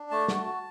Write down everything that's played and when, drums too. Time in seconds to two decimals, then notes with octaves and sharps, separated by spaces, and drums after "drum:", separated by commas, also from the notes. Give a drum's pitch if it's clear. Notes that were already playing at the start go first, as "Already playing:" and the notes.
Already playing: D4
0.11 A3 A5
0.28 F#4, drum: snare
0.46 F#4